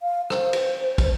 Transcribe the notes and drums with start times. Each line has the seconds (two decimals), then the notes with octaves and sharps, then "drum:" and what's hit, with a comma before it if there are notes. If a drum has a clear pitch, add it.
0.01 F5
0.30 C5, drum: rim click
0.53 drum: cymbal
0.98 drum: kick, cymbal